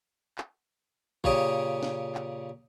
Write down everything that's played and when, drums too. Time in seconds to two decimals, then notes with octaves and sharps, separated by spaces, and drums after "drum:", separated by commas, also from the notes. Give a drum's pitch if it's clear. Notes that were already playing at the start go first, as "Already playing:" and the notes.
0.38 drum: clap
1.24 A#2 C#3 G4 C#5 D#6, drum: kick
1.83 drum: snare
2.15 drum: clap